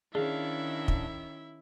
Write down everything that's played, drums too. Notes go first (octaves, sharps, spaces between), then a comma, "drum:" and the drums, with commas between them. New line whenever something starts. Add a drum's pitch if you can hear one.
D#3 C#4 D4 E4 G#4 E5 F5
drum: kick